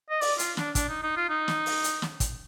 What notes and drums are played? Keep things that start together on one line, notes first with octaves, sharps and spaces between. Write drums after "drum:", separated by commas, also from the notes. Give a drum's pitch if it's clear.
D#5
D5, drum: open hi-hat
F4, drum: hi-hat
D4, drum: snare
D4, drum: kick, hi-hat
D#4
D#4
F4
D#4
drum: snare
drum: open hi-hat
drum: hi-hat
drum: snare
drum: kick, hi-hat